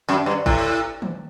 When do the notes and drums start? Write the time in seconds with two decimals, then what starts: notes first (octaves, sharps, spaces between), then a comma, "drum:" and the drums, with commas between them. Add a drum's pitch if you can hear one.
0.09 F#2
0.26 G2
0.46 A2, drum: kick
1.02 drum: tom D#3